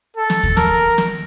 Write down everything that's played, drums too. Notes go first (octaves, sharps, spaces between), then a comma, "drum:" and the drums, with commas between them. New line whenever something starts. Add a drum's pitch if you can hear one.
A4
drum: snare
drum: kick D#2
A#4, drum: snare
drum: snare